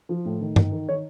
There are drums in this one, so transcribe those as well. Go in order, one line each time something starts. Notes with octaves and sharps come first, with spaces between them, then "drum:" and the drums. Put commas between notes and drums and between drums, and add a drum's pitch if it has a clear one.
F3
A2
D#3
D#3, drum: tom G2
D#3
D#3 C#5